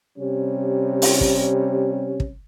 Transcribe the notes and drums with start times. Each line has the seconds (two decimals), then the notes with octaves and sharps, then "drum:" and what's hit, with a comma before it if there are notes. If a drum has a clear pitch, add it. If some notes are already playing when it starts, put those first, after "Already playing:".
0.18 C3 G3 C#4
1.02 drum: open hi-hat
1.21 drum: kick
2.20 drum: kick